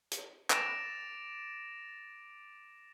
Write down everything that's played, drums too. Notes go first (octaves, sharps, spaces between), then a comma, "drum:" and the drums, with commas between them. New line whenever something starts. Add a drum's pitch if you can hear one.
drum: hi-hat
D6 A6 A#6 D7 E7 F7, drum: clap